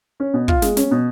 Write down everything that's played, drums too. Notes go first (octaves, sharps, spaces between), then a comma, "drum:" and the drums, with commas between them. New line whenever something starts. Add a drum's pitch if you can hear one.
C#4
B2
F4, drum: kick
G#3, drum: snare
C#4, drum: snare
B2